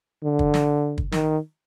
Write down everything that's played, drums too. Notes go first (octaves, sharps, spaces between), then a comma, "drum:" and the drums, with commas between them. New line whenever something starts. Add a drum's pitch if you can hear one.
D3
drum: kick
drum: snare
drum: kick
D#3, drum: snare